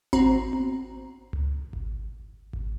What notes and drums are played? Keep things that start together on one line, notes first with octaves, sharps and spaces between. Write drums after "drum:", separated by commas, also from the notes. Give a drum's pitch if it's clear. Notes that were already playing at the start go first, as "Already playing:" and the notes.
C4 F#4 C5 A#5, drum: kick G#1
drum: tom B3
drum: tom C#2
drum: kick G#1
drum: kick G#1